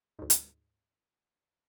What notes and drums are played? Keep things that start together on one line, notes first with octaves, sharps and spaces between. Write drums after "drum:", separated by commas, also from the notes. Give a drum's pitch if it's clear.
D2 G#2
drum: hi-hat